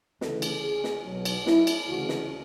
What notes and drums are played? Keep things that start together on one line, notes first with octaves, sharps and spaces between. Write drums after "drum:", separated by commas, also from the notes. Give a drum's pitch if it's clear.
D2 C#3 E3 A4, drum: snare
drum: cymbal
G#4
drum: snare
B1 B2 F#3
drum: cymbal
E4, drum: snare
drum: cymbal
D2 C#3 E3 F#4
drum: snare